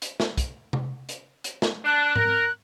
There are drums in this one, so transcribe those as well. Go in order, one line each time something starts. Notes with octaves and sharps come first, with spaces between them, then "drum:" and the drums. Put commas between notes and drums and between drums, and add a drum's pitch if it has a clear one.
drum: hi-hat
drum: snare
drum: kick, hi-hat
drum: tom C3
drum: hi-hat
drum: hi-hat
drum: snare
D4 F#6
A#4, drum: tom G#2